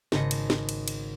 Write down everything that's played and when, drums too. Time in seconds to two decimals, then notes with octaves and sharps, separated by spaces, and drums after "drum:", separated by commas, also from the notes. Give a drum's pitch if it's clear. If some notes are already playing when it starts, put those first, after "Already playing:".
0.12 G#1 C#3 D#5 C#7, drum: snare
0.31 drum: cymbal
0.50 drum: snare
0.69 drum: cymbal
0.88 drum: cymbal